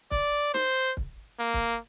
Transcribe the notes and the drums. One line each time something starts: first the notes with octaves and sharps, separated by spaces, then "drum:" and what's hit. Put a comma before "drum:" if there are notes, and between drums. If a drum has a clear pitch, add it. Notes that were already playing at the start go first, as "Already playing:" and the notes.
D5, drum: kick
C5, drum: snare
drum: kick
A#3
drum: kick